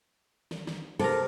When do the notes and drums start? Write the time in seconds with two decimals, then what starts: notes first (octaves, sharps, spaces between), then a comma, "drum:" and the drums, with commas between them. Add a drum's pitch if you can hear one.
0.51 drum: snare
0.67 drum: snare
0.99 C3 A4 A#4, drum: cymbal